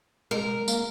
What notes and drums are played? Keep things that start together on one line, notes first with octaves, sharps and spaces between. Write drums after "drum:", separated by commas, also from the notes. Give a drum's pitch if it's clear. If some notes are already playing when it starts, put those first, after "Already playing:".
G#3 A#4
A#3, drum: tambourine